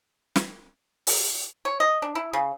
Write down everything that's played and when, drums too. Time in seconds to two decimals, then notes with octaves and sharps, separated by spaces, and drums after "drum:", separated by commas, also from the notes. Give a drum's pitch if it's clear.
0.36 drum: snare
1.07 drum: open hi-hat
1.65 C#5
1.80 D#5
2.02 D4
2.15 E4
2.33 C#3